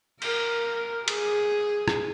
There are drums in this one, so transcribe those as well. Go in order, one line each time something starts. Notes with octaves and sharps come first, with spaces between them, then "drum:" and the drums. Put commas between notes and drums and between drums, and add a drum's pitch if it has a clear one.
A#4, drum: cymbal
G#4, drum: cymbal
drum: rim click